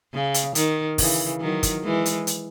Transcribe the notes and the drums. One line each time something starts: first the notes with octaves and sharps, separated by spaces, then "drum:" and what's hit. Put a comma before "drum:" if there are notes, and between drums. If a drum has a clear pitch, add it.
C#3
drum: hi-hat
D#3, drum: hi-hat
C#3 E3, drum: kick, open hi-hat
D#3 F#3
drum: kick, hi-hat
E3 G#3
drum: hi-hat
drum: hi-hat